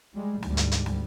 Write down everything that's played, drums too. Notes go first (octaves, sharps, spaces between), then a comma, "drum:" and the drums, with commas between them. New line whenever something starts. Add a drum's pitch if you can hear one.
G3 G#3
D2 G#2 G3, drum: snare
drum: hi-hat
drum: hi-hat
drum: snare